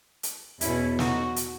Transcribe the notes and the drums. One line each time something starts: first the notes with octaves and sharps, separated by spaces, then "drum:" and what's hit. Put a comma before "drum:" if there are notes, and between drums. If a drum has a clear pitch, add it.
drum: hi-hat
E2 B2 C#4 E4, drum: hi-hat
D#4 F#4, drum: snare
drum: hi-hat